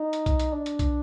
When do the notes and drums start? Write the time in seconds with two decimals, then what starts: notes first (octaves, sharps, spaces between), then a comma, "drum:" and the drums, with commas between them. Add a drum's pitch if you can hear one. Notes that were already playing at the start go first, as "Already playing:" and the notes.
Already playing: D#4
0.13 drum: hi-hat
0.26 drum: kick B1, hi-hat
0.40 drum: hi-hat
0.53 D4
0.66 drum: hi-hat
0.79 drum: kick B1, hi-hat